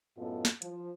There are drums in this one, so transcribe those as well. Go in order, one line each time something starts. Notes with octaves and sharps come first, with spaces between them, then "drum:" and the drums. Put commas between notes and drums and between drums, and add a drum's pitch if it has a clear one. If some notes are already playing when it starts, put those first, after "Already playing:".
F#2 A2 B3 F4 A4 D#5
drum: snare
F3, drum: hi-hat